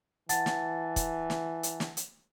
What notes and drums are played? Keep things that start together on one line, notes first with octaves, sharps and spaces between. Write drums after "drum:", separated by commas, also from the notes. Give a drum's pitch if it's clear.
E3 F#5 A5 A6, drum: hi-hat
drum: snare
drum: kick, hi-hat
drum: snare
drum: hi-hat
drum: snare
drum: hi-hat